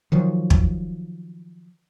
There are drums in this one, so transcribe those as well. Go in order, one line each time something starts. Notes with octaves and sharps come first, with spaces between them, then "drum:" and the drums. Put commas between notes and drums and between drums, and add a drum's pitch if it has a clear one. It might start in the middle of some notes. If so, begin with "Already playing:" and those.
D#3 F3 F#3
drum: kick